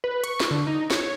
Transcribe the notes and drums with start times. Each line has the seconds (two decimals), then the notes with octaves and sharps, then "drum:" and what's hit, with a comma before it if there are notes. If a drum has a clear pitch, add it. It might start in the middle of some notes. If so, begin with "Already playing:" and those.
0.04 B4
0.24 C#6, drum: hi-hat
0.40 drum: snare
0.50 D3
0.67 D#4
0.90 C#5, drum: snare